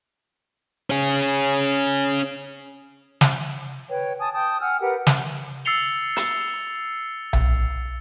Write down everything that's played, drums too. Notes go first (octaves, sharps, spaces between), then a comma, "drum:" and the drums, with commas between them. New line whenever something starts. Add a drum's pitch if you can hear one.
C#4 G#4
drum: snare
B4 C#5 G5
G#5 A5 D#6
G5 A5 D#6 G6
F#5 G#5 E6 F6
G4 A#4 B4 F#5
drum: snare
E6 A6 C7 C#7 F7 G7
drum: hi-hat
drum: tom B1